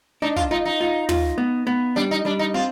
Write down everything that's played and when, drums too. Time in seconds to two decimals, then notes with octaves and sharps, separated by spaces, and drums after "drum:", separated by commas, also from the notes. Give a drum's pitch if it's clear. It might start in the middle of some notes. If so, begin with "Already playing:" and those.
0.22 D4 D#4
0.36 F4, drum: kick
0.51 D#4 F4
0.65 D#4
0.81 F4
1.09 F4, drum: tom
1.38 B3
1.67 B3
1.96 G3 D4
2.11 D#4
2.25 G3 D4
2.39 D#4
2.54 C4 F4